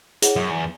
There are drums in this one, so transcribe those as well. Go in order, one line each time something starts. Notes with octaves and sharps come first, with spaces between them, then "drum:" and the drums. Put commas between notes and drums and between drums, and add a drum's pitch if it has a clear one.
E4 G#4 C#5 F#5, drum: hi-hat
F#2
E2